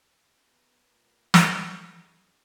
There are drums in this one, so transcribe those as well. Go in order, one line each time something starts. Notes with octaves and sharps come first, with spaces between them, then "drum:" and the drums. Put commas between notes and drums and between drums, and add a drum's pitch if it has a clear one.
E2 B4 A#5
A#2
drum: snare
G2
D#1 G#4 A4